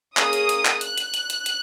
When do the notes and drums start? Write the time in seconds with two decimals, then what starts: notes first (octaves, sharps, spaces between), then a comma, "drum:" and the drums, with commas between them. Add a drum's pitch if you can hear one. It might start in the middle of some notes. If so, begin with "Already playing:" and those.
0.17 A#3 C#4 G#4 D#6, drum: clap
0.33 drum: hi-hat
0.49 drum: hi-hat
0.65 drum: clap
0.81 F#6, drum: hi-hat
0.98 drum: hi-hat
1.14 drum: hi-hat
1.30 drum: hi-hat
1.46 drum: hi-hat